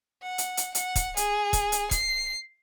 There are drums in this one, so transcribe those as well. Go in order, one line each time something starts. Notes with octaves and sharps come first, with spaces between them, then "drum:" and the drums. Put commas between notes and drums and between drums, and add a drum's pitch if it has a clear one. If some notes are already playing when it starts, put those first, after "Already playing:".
F#5
drum: hi-hat
drum: hi-hat
F#5, drum: hi-hat
drum: kick, hi-hat
G#4, drum: hi-hat
drum: kick, hi-hat
drum: hi-hat
C7, drum: kick, hi-hat